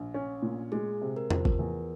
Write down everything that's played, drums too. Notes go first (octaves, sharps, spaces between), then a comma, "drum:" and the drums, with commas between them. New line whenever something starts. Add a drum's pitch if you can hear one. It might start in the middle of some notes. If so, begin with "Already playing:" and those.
Already playing: A#1
C#4
A#2
G#3 G#4
C3
A#4
F3, drum: tom E2
drum: kick
E2